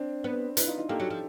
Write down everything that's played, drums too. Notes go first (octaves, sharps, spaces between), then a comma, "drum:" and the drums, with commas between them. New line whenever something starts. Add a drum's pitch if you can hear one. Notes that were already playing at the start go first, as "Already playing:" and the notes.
Already playing: C4 D4
B3
B3 D4 E4, drum: hi-hat
D#4 F4
D#4 F4
A#3 G4 A4
F#3
F3